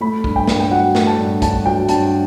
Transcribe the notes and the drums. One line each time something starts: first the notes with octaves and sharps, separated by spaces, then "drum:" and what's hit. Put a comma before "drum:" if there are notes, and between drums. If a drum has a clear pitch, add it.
A3 B5
G2, drum: kick
G5
G2, drum: snare
G5
F#3 F#5
A3, drum: snare
A5
G2
G2 A5, drum: kick, hi-hat
F#3 G5
G2 A5, drum: hi-hat